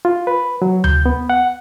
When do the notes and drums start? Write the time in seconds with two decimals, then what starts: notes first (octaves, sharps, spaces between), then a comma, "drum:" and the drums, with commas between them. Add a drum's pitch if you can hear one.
0.05 F4
0.27 B4
0.62 F#3
0.84 G6, drum: tom D2
1.06 B3
1.30 F#5